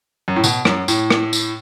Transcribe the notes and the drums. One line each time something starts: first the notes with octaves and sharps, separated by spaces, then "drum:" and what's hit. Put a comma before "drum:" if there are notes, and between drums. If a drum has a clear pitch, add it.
F#2
A2
B2, drum: tambourine
F#2, drum: rim click
A2, drum: tambourine
drum: rim click
drum: tambourine